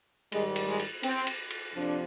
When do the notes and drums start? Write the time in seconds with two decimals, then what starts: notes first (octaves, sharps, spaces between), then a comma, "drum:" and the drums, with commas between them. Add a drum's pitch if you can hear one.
0.32 G#2 D#3 G3 G#3, drum: cymbal
0.56 drum: cymbal
0.68 G#3
0.79 drum: cymbal
1.03 C4, drum: cymbal
1.27 drum: cymbal
1.50 drum: cymbal
1.74 F2 C3 F3 D4